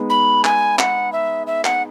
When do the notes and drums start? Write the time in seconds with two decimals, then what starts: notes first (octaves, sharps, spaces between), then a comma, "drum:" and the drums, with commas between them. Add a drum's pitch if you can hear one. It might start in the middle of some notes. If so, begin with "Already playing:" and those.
Already playing: G#3 B3 D#4
0.10 B5
0.44 G#5, drum: clap
0.79 F#5, drum: clap
1.13 E5
1.47 E5
1.65 F#5, drum: clap